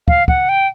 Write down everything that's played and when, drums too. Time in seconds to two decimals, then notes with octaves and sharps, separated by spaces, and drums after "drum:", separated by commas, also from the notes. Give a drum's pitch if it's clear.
0.08 F5, drum: kick
0.28 F#5, drum: kick
0.49 G5